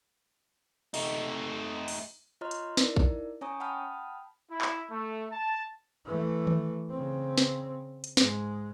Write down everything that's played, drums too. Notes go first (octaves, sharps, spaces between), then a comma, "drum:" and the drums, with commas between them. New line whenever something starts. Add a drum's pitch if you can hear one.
A3 D#4, drum: open hi-hat
drum: open hi-hat
F4 C#5 D#5 A#5 C6 F6
drum: hi-hat
D#4 E4 A#4 D5, drum: snare
drum: kick
C#4 C#5 G#5 A#5 C#6 D#6
F#5 G5 A5 B5 D#6 F6
E4
drum: clap
A3
A5
E3 A3
drum: tom D#3
C#3 C4
drum: snare
drum: hi-hat
G#2 G#3, drum: snare